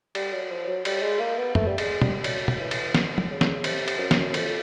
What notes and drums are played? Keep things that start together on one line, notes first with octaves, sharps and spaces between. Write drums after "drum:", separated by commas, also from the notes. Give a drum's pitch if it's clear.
G3, drum: cymbal
F#3
F3
F#3
G3, drum: cymbal
G#3
A#3
B3
A3, drum: tom
G3
G#3, drum: cymbal
G3, drum: tom
F#3, drum: cymbal
drum: tom
E3
drum: cymbal
drum: snare
drum: tom
C#3
drum: snare
C3, drum: cymbal
drum: cymbal
F#2
drum: snare
F2, drum: cymbal